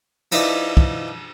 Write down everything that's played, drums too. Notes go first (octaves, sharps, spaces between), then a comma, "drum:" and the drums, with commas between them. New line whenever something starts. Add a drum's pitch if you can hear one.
F3 D#4 E4 B4 D5 E5, drum: cymbal
drum: kick